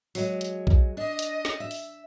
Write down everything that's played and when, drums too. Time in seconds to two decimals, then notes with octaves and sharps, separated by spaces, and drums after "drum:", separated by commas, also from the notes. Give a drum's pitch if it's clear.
0.15 F#3 G#3, drum: open hi-hat
0.41 drum: hi-hat
0.67 drum: kick A#1
0.97 D4 D#5
1.19 drum: hi-hat
1.45 drum: snare
1.60 E5
1.71 drum: open hi-hat